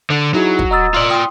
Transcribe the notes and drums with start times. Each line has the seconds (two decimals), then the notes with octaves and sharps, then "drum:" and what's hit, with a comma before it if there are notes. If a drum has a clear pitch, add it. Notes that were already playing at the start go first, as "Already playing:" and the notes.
0.10 D3
0.34 F#3 D#4 E4 G#4
0.59 drum: kick
0.71 D#5 A#5 D#6 E6 A6
0.94 F4 D5 C6 E6 F#7
1.10 G5 C6 D#6